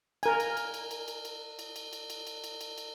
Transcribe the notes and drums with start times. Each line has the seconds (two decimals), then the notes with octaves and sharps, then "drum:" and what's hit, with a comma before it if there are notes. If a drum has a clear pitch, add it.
0.23 A#4 G#5, drum: cymbal
0.40 drum: cymbal
0.57 drum: cymbal
0.74 drum: cymbal
0.91 drum: cymbal
1.08 drum: cymbal
1.25 drum: cymbal
1.59 drum: cymbal
1.76 drum: cymbal
1.93 drum: cymbal
2.10 drum: cymbal
2.27 drum: cymbal
2.44 drum: cymbal
2.61 drum: cymbal
2.78 drum: cymbal